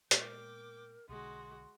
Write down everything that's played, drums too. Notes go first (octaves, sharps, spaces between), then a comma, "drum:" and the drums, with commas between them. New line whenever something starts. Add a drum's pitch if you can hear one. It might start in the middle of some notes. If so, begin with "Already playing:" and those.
A#2 G#3 B3 A#4 G5 D6, drum: hi-hat
B1 B2 D3 G#3 F#4 C6